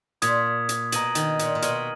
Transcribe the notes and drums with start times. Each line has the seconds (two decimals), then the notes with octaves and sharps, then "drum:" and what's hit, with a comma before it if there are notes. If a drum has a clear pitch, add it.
0.22 A#2 D#6 G#6 B6, drum: hi-hat
0.69 drum: hi-hat
0.92 B2 A#5 D#6 A#6 D#7 F#7, drum: hi-hat
1.15 D#3, drum: hi-hat
1.39 A#2, drum: hi-hat
1.55 A#2
1.62 B2 F6 G#6 D#7 F#7, drum: hi-hat